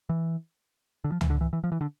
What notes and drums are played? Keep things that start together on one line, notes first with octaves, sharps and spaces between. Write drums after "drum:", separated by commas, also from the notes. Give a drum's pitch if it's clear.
E3
D3
F3
E3, drum: tom C#2
D3
E3
E3
F3
E3
D3